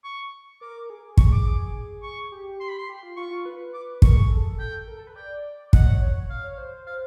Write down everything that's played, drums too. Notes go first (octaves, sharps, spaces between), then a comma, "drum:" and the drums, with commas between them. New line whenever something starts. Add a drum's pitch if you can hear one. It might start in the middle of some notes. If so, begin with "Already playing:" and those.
C#6
A#4 D6
G#4
C#6, drum: kick
D6
G#4
C#6
G4
C6
B5
C6
G4
F4
F4 C#6
F4
B4
D6
A#4 C#6, drum: kick
G#4
A4
G5
A#4
A4
B4
D5 G5
D#5 F#5, drum: kick
C#5
C#5
F5
C#5
C5
F5